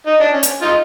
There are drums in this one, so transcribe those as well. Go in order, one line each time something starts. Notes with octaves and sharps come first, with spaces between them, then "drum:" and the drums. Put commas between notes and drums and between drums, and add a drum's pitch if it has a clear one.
D#4
D4
C#4
drum: hi-hat
D#4 F4